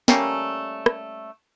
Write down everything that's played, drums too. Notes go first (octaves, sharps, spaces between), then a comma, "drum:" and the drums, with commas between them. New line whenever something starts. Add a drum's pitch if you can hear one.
G3 A3 A#3 C#4, drum: snare
drum: rim click